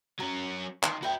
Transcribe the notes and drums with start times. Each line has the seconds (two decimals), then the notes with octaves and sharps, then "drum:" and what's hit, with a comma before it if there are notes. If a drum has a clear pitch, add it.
0.20 F#3 C#4 A#5
0.83 D#3 C6, drum: clap
1.03 F#4 B4 E5 G5